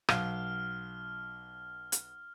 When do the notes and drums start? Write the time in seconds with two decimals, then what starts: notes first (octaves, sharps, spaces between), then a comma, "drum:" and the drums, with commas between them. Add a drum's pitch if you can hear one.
0.09 B1 F5 F6, drum: rim click
1.92 drum: hi-hat